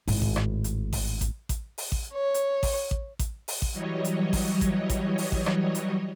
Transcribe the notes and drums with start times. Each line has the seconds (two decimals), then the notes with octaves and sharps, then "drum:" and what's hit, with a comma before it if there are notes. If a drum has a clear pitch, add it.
0.08 G#1 A2, drum: open hi-hat
0.22 drum: kick A1
0.36 drum: rim click
0.64 drum: hi-hat
0.93 drum: kick A1, open hi-hat
1.21 drum: kick A1, hi-hat
1.49 drum: kick A1, hi-hat
1.78 drum: open hi-hat
1.92 drum: kick A1
2.13 C#5
2.34 drum: hi-hat
2.63 drum: kick A1, open hi-hat
2.91 drum: kick A1
3.19 drum: kick A1, hi-hat
3.48 drum: open hi-hat
3.62 drum: kick A1
3.73 E3 F#3 G3 C#5 D#5
4.04 drum: hi-hat
4.33 drum: kick A1, open hi-hat
4.61 drum: kick A1, hi-hat
4.90 drum: kick A1, hi-hat
5.18 drum: open hi-hat
5.32 drum: kick A1
5.46 drum: rim click
5.75 drum: hi-hat